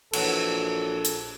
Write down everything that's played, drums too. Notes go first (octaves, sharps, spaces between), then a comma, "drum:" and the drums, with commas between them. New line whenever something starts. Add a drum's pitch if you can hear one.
A#1 E3 F#3 A4, drum: cymbal
drum: hi-hat